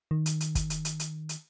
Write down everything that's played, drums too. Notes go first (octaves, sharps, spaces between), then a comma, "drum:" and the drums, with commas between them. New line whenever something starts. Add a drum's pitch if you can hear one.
D#3
drum: hi-hat
drum: hi-hat
drum: kick, hi-hat
drum: hi-hat
drum: hi-hat
drum: hi-hat
drum: hi-hat